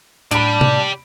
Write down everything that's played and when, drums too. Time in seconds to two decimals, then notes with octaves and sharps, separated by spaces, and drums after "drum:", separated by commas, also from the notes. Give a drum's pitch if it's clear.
0.31 A2 D4 G4 D5 B5 D7, drum: hi-hat
0.61 drum: tom C3